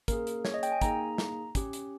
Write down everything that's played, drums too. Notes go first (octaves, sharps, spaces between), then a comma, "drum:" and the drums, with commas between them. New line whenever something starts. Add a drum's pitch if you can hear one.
A#3 C#4 G#4 A#4, drum: kick, hi-hat
drum: hi-hat
C#5, drum: snare
D#5
G5, drum: hi-hat
G#5
A#3 D#4 G#4 A#5, drum: kick, hi-hat
drum: snare
C#4 G4, drum: kick, hi-hat
drum: hi-hat